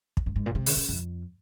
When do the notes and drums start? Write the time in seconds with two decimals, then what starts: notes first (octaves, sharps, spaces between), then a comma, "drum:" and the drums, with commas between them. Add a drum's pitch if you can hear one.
0.17 drum: kick
0.26 G2
0.36 G#2
0.46 A#2
0.55 C3
0.66 C#3, drum: open hi-hat
0.76 C#3
0.88 F2